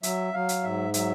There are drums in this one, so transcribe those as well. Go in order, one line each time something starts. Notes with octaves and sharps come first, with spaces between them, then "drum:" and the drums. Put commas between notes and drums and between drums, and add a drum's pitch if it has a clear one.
F#3 E5, drum: hi-hat
F#3 F5
drum: hi-hat
G#2 E5
F#3 E5, drum: hi-hat